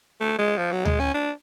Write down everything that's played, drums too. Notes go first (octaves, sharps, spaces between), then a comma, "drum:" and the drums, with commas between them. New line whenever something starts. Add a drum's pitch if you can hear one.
A3
G#3
F3
F#3
G#3, drum: tom D2
C#4
D4